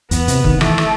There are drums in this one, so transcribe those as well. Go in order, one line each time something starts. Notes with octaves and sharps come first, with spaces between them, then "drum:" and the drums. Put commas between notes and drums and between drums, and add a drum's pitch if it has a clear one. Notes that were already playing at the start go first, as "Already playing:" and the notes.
E2 B3, drum: hi-hat
C3, drum: hi-hat
D#3, drum: kick F#1
E3 A3, drum: rim click
drum: rim click